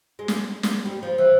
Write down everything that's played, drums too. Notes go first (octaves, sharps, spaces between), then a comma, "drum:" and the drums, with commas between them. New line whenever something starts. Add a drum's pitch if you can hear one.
G#3
drum: snare
drum: snare
G3
F3
E3